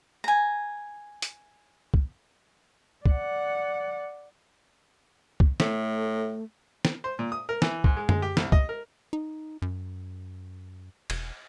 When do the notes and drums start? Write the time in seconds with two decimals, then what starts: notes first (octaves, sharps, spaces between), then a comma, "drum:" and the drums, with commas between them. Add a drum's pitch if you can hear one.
0.24 G#5 A#5
1.22 drum: hi-hat
1.94 drum: kick
3.06 D5 F#5, drum: kick
5.40 drum: kick
5.60 A2 A3, drum: snare
6.85 drum: snare
7.04 C5
7.19 A#2
7.32 D#6
7.49 A#4
7.62 E3, drum: snare
7.84 G#2, drum: kick
7.97 G#3
8.09 G#3, drum: tom F#2
8.22 G4
8.37 C2, drum: snare
8.52 D#5, drum: kick
8.69 A#4
9.13 D#4
9.62 F#2
11.10 E1, drum: cymbal